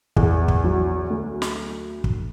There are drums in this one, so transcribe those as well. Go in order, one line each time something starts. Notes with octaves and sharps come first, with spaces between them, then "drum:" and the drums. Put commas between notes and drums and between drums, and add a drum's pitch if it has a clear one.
E2, drum: kick
drum: kick
F#3
D2
drum: snare
drum: kick